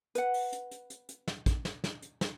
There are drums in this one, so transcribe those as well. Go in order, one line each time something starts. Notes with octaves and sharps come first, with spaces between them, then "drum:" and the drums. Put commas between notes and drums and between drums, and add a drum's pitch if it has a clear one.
B4 F#5, drum: hi-hat
drum: open hi-hat
drum: hi-hat
drum: hi-hat
drum: hi-hat
drum: hi-hat
drum: snare
drum: kick, hi-hat
drum: snare
drum: snare
drum: hi-hat
drum: snare